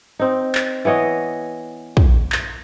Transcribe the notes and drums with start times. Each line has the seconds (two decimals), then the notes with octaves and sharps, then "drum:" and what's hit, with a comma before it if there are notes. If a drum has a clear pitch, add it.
0.19 C4 D#4
0.55 drum: clap
0.85 E3 B3 C#5 D#5
1.97 drum: kick
2.32 drum: clap